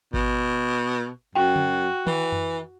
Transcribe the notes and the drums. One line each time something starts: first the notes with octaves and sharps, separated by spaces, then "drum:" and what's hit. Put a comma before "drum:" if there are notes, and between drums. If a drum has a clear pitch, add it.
B2, drum: kick G#1
F#2 F#4 G5
drum: tom C#3
E3, drum: tom
drum: tom F#2